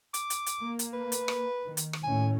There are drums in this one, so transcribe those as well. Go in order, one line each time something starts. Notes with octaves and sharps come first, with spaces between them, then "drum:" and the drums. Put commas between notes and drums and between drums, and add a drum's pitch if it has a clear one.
D6, drum: hi-hat
drum: hi-hat
drum: hi-hat
A#3
drum: hi-hat
B4
drum: hi-hat
drum: rim click
D#3
drum: hi-hat
drum: rim click
D#2 A2 C#4 G#5